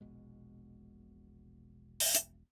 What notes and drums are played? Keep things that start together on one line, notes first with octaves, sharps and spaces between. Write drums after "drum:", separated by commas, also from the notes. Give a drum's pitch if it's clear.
E1 A#1 B2 G#3
drum: open hi-hat
drum: hi-hat